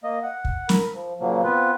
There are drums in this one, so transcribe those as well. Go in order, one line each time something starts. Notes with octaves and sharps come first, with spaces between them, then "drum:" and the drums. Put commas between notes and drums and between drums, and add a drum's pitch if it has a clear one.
A#3 D#5
F#5
drum: kick
A#4 B5, drum: snare
F3
A#2 C#3 F3 F#3 A#3
B3 C4 F4 B4